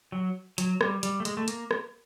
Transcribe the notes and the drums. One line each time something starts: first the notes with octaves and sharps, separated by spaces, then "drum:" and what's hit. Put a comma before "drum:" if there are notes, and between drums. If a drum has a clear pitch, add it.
F#3
F#3, drum: hi-hat
G3, drum: rim click
G3, drum: hi-hat
A3
G#3, drum: hi-hat
A3
A#3, drum: hi-hat
drum: rim click